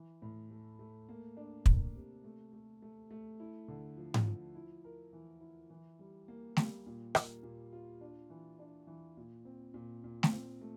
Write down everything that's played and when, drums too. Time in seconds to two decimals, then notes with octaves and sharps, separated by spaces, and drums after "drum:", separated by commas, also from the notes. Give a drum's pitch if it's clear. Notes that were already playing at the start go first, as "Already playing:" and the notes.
Already playing: E3
0.22 A2
0.50 A3
0.79 A3
1.09 A#3
1.37 D4
1.66 A#3, drum: kick
1.95 C3
2.24 A3
2.53 A3
2.82 A3
3.11 A3
3.40 E4
3.68 D3
3.97 F3
4.14 drum: tom G#2
4.25 F3
4.55 E4
4.84 A#4
5.13 E3
5.41 E4
5.70 E3
5.99 G3
6.28 A#3
6.57 G3, drum: snare A3
6.86 A#2
7.15 A#3, drum: rim click
7.43 A#2
7.73 F4
8.01 D4
8.30 E3
8.59 D4
8.87 E3
9.17 A#2
9.45 C4
9.74 A#2
10.04 A#2
10.23 drum: snare A3
10.32 C4
10.61 A3